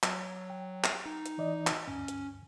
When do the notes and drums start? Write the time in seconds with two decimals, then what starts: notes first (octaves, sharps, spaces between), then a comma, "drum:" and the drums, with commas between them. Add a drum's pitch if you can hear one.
0.03 F#3, drum: clap
0.50 G5
0.84 drum: clap
1.06 D#4
1.26 drum: hi-hat
1.38 E3 D5 D#5
1.67 drum: clap
1.88 D2 G2 C#4
2.08 drum: hi-hat